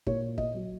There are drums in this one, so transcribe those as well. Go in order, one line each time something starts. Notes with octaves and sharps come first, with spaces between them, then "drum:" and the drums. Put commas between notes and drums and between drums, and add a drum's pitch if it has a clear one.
A#2 C#5, drum: kick
D#5, drum: kick
F#3